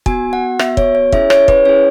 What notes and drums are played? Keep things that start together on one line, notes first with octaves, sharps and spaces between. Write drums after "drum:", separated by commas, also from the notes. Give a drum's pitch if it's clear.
B3 F#4 G#5, drum: kick
F#5
B3 F#4 E5, drum: rim click
C#5, drum: kick
C#5
C#4 E4 G#4 E5, drum: kick
C#5, drum: rim click
B4, drum: kick
C#4 E4 G#4 C#5